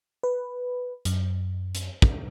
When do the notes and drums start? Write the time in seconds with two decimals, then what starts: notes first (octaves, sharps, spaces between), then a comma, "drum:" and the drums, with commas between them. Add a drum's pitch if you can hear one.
0.23 B4
1.05 F#2, drum: hi-hat
1.75 drum: hi-hat
2.02 drum: kick